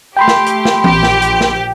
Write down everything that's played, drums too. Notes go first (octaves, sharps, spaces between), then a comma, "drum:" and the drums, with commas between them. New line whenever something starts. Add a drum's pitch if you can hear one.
A3 G4 G5 B5 C6
drum: snare
drum: hi-hat
drum: snare
A#1 G4, drum: tom E3
drum: snare
drum: hi-hat
drum: snare